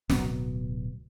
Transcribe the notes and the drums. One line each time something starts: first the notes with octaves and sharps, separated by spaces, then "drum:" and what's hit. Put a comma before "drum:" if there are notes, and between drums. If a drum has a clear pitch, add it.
D1 B2 F#3 B3, drum: snare